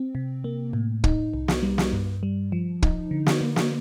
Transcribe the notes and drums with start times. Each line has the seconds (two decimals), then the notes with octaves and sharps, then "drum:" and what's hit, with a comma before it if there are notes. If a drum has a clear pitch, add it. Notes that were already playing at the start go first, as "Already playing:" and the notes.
Already playing: C4
0.15 C3
0.44 A#3
0.73 A2
1.04 D#4, drum: kick
1.34 C2
1.48 drum: snare
1.63 G3
1.78 drum: snare
1.93 G2
2.23 G3
2.52 F3
2.83 D#4, drum: kick
3.11 D3
3.26 drum: snare
3.41 A#3
3.56 drum: snare